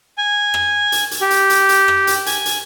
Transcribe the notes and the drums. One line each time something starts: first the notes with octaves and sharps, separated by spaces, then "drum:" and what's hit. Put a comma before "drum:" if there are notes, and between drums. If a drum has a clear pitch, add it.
G#5
drum: rim click
drum: hi-hat
drum: hi-hat
G4
drum: hi-hat
drum: hi-hat
drum: hi-hat
drum: rim click
drum: hi-hat
G#5, drum: hi-hat
drum: hi-hat